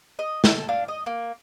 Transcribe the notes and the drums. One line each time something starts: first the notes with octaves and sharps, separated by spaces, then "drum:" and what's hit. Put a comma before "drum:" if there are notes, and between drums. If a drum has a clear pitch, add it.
D#5
A4, drum: snare
D4 F5
D#5
A#3